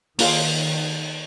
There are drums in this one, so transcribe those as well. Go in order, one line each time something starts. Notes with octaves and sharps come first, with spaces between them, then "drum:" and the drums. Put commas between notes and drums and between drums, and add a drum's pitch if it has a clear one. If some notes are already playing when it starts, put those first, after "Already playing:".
D#3 A#3 F4 G#4, drum: open hi-hat